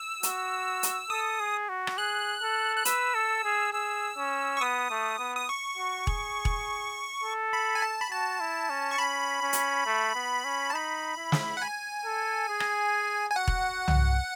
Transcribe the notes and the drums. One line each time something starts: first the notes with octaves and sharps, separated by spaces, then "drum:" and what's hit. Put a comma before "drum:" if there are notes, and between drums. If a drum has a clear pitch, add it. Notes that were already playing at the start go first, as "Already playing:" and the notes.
Already playing: E6
F#4, drum: hi-hat
drum: hi-hat
A4 D#6
G#4
F#4
drum: rim click
G#4 F#6
A4
F#6
B4 E6, drum: hi-hat
A4
G#4
G#4 E6
C#4
C#6
B3 D#6
A3
B3
D#6
C#6
F#4
G#4, drum: kick E1
drum: kick E1
A4
B5
G#5
A5
B5
F#4 A5
E4
C#4
C#6
C#4 B5
C#4
drum: hi-hat
A3
B3
C#4
A5
D#4 B5
E4
drum: snare
F#5
G#5
A4
G#4
drum: rim click
G#5
F#4 F#5
drum: kick E1
drum: tom